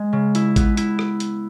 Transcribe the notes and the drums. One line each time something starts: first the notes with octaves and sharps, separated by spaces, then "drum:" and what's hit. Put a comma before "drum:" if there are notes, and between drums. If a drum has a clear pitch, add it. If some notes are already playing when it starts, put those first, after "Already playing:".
Already playing: G#3
C#3
E4, drum: hi-hat
B3, drum: kick A1, hi-hat
E4, drum: hi-hat
drum: rim click
drum: hi-hat